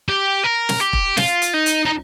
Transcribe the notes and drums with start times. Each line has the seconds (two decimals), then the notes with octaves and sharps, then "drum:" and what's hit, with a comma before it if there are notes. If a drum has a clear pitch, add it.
0.08 G4
0.44 A#4
0.69 drum: snare
0.81 G4
0.93 drum: kick E1
1.17 F4, drum: snare
1.42 drum: hi-hat
1.54 D#4
1.66 drum: hi-hat
1.85 D#4